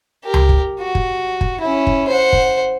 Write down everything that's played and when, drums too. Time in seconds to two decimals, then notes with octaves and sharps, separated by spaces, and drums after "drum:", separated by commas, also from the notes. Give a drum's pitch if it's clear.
0.24 G4 A#4
0.34 drum: tom C#2
0.49 drum: kick
0.80 F#4
0.95 drum: kick
1.41 drum: kick
1.61 C#4 E4
1.87 drum: kick
2.08 C5 F#5
2.33 drum: kick